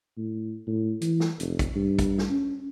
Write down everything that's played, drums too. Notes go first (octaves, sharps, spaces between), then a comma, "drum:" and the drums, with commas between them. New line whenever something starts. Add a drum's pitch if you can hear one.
A2
A2
E3, drum: hi-hat
drum: snare
F1, drum: hi-hat
drum: kick, hi-hat
G2
drum: kick, hi-hat
drum: snare
C#4